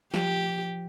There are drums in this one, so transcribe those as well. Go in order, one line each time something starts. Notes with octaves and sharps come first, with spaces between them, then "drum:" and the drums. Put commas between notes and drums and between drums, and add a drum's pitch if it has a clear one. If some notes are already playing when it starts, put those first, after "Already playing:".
F3 G4, drum: snare